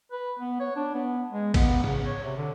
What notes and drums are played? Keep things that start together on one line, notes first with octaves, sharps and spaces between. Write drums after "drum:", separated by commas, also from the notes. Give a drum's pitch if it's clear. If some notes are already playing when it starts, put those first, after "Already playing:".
B4
B3
C#5
D4
B3
G#3
B3, drum: kick A1, cymbal
C#3, drum: tom G#2
C#5
C3
D3